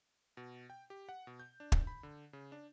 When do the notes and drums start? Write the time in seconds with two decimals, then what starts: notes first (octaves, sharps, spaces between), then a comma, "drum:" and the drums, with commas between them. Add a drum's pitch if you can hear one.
0.37 B2
0.70 G5
0.90 G4
1.09 F#5
1.27 B2
1.40 G6
1.60 D4
1.72 drum: kick
1.87 B5
2.03 D3
2.33 C#3
2.52 D4